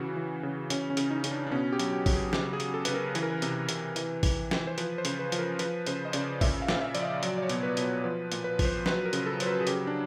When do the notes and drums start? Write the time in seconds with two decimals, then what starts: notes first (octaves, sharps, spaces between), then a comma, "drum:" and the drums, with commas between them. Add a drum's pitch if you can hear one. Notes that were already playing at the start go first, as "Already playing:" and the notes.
Already playing: C#3 E3 F#4
0.16 E3
0.43 C#3
0.70 C#3 C#4, drum: hi-hat
0.90 C#4
0.97 C#3, drum: hi-hat
1.10 D#4
1.24 C#3, drum: hi-hat
1.31 D4
1.47 D4
1.51 B2 C#4
1.72 G4
1.79 F#3, drum: hi-hat
1.93 G4
2.06 F#3, drum: kick A1, open hi-hat
2.13 G#4
2.33 C#3 G4, drum: snare
2.53 G#4
2.60 F#3, drum: hi-hat
2.74 A4
2.85 C#3 B4, drum: hi-hat
2.94 A#4
3.15 E3 B4, drum: hi-hat
3.22 A#4
3.30 B4
3.42 C3, drum: hi-hat
3.69 C3, drum: hi-hat
3.96 E3, drum: hi-hat
4.23 E3, drum: kick A1, open hi-hat
4.51 E3, drum: snare
4.67 C5
4.78 F3 B4, drum: hi-hat
4.98 C5
5.05 C#3, drum: hi-hat
5.19 B4
5.32 F3, drum: hi-hat
5.39 A#4
5.59 F3 B4, drum: hi-hat
5.87 C#3 C5, drum: hi-hat
6.05 D#5
6.13 C#3 D5, drum: hi-hat
6.41 A#2 E5, drum: kick A1, open hi-hat
6.62 F5
6.69 A#2, drum: snare
6.81 E5
6.95 F3 D5, drum: hi-hat
7.03 D#5
7.23 F#3 D5, drum: hi-hat
7.38 D5
7.43 C#5
7.49 B2, drum: hi-hat
7.63 B4
7.77 B2, drum: hi-hat
8.04 F3 B4
8.32 A#2, drum: hi-hat
8.44 B4
8.59 F3, drum: kick A1, open hi-hat
8.65 C5
8.86 F#3 B4, drum: snare
9.06 A#4
9.13 C#3, drum: hi-hat
9.26 A4
9.40 F#3 C5, drum: hi-hat
9.47 B4
9.61 G#4
9.67 C#3 G4, drum: hi-hat
9.87 D4